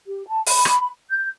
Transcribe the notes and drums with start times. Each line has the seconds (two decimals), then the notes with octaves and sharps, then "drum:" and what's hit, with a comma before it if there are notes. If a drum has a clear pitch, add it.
0.07 G4
0.27 A5
0.46 B5, drum: open hi-hat
0.65 drum: rim click
1.10 G6